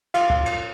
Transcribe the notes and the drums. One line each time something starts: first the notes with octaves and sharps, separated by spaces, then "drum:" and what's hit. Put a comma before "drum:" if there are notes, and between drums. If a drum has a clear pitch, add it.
F4, drum: cymbal
drum: kick
drum: cymbal